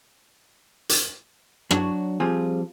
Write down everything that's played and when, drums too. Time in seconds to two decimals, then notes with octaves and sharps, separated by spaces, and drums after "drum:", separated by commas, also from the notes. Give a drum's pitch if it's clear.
0.89 drum: hi-hat
1.71 F#3 D4 F#4 C#5, drum: rim click
2.20 F3 G3 C4 F4 G#4